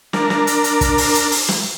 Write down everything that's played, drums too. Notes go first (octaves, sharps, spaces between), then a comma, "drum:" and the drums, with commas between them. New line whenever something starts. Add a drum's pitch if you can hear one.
D4 A#4, drum: snare
drum: snare
drum: hi-hat
drum: hi-hat
drum: kick, hi-hat
drum: open hi-hat
drum: hi-hat
drum: open hi-hat
drum: snare